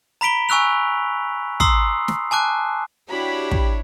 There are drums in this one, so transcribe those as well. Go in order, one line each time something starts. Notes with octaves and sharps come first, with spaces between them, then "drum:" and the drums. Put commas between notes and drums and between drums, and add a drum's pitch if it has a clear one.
A#5 B5 B6 D7 G7
G#5 C#6 E6 F#6 F7
A#5 C6 D#6 E6 C7, drum: kick
drum: snare
G#5 A5 D6 F#6
D4 E4 F#4 G4 C#5 B5
drum: kick